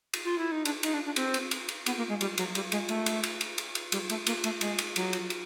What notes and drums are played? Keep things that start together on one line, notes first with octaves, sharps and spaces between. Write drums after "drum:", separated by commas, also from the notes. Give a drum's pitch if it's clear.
drum: cymbal
F4
E4
D#4
D4, drum: cymbal
D#4, drum: cymbal
D4
D4
C4, drum: cymbal
drum: cymbal
drum: cymbal
drum: cymbal
B3, drum: cymbal
A#3
G#3
G3, drum: cymbal
F#3, drum: cymbal
G3, drum: cymbal
G#3, drum: cymbal
A3, drum: cymbal
drum: cymbal
drum: cymbal
drum: cymbal
drum: cymbal
drum: cymbal
G3, drum: cymbal
A3, drum: cymbal
A#3, drum: cymbal
A3, drum: cymbal
G#3, drum: cymbal
drum: cymbal
F#3, drum: cymbal
drum: cymbal
drum: cymbal